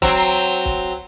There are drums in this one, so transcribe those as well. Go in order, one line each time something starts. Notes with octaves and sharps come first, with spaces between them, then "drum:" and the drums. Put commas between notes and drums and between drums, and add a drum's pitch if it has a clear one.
F#3 C4, drum: kick, hi-hat
drum: kick